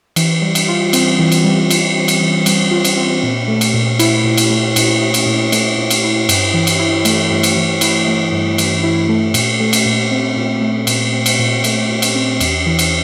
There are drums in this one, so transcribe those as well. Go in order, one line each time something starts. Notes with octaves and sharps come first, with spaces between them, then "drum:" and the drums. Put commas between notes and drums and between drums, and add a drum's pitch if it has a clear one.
E3, drum: cymbal
G3
drum: cymbal
F4
C4, drum: cymbal
E3
drum: cymbal
G3
F4, drum: cymbal
C4
drum: cymbal
E3
G3, drum: cymbal
F4
drum: cymbal
C4
A#2
A3
drum: cymbal
A#2
E4, drum: cymbal
A#2
drum: cymbal
A3
A#2, drum: cymbal
E4
drum: cymbal
A#2
A3, drum: cymbal
A#2
drum: cymbal
E4
G2, drum: cymbal
E3
drum: cymbal
E4
A3, drum: cymbal
G2
drum: cymbal
E3
E4, drum: cymbal
A3
G2
E3, drum: cymbal
E4
A3
A#2, drum: cymbal
A3
drum: cymbal
A#2
C4
A#2
A3
A#2, drum: cymbal
C4
drum: cymbal
A#2
A3, drum: cymbal
A#2
drum: cymbal
C4
E2, drum: cymbal
E3
drum: cymbal